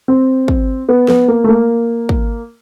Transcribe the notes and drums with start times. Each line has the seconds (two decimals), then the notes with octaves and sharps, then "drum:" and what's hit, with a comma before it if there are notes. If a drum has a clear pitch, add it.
0.08 C4
0.48 drum: kick
0.89 B3
1.08 B3, drum: snare
1.28 A#3
1.44 A3
1.49 A#3
2.09 drum: kick